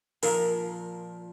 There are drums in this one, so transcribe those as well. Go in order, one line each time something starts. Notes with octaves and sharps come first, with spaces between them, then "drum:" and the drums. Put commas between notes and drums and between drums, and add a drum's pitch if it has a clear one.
A#2 F3 A#4, drum: open hi-hat